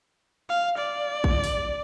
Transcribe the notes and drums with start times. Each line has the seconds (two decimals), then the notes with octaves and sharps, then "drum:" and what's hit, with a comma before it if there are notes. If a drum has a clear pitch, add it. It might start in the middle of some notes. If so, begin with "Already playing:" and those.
0.49 F5
0.78 D5
1.24 drum: kick A1
1.44 drum: open hi-hat